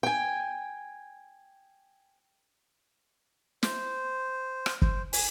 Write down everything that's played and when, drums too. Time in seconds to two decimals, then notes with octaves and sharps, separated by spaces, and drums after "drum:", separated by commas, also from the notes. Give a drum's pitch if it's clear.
0.03 G5 G#5
3.63 C5, drum: snare
4.66 drum: rim click
4.82 C5, drum: kick
5.13 G#5, drum: open hi-hat